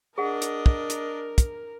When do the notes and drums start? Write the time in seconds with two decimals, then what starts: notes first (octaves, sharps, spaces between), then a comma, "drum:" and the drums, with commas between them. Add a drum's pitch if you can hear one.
0.18 D4 G#4 A#4 D#5 F#5
0.42 drum: hi-hat
0.66 drum: kick
0.90 drum: hi-hat
1.38 drum: kick, hi-hat